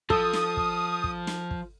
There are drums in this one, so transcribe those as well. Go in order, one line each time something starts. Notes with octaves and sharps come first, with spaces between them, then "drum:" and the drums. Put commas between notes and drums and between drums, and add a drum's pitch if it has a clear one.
F3 A4 D#6, drum: kick
drum: snare
drum: kick
drum: kick
drum: snare
drum: kick